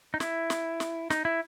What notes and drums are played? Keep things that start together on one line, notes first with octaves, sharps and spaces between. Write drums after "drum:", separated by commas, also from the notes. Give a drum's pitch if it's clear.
D#4
E4, drum: snare
drum: snare
drum: snare
D#4, drum: snare
E4